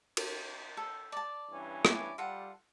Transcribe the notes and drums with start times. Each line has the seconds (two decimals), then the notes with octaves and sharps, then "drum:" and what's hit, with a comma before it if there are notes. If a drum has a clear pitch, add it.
0.17 drum: cymbal
0.77 A4
1.12 D5 A5
1.51 G2 E3 C#4
1.85 E4 D5, drum: rim click
2.18 G3 F4 A4 F#5